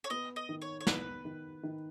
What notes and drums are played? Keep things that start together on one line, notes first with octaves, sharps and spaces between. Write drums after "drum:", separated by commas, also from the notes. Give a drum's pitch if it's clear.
C#5
B3 D#5
D#5
D#3
C#5
C#5
B3 B4, drum: snare
D#3
D#3